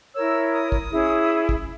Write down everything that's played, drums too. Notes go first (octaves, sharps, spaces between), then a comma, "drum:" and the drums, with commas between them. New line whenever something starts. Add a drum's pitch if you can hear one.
E4 A#4 C#5 E6
D#6
drum: kick
C#4 E4 G#4
drum: kick